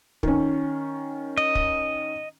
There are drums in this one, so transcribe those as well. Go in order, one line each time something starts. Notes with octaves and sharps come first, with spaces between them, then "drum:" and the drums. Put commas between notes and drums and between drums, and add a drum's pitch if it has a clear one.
D#3 C#4, drum: kick
D#5
drum: kick